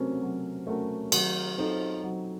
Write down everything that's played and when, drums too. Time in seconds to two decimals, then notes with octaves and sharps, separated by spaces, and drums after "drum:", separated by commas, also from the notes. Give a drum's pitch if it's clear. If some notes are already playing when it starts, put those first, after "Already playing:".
Already playing: C3 F#3 A3 C#4 F#4 A#4
0.22 F#3
0.67 A3 C#4 F#4 A#4
1.12 D#3 F#3, drum: cymbal
1.58 F3 C4 D#4 A4 D#5
2.03 F#3